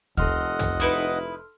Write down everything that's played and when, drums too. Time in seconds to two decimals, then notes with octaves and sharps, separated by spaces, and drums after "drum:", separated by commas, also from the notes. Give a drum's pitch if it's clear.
0.17 F1 A4 D#5 F#5 C6 F6, drum: kick D2
0.59 drum: tom
0.80 D#4 E4 B4